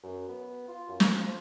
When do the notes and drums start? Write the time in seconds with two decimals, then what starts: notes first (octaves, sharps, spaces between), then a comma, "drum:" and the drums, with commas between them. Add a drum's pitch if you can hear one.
0.03 F#2
0.28 B3
0.68 F4
0.88 F#2
1.00 drum: snare
1.19 F3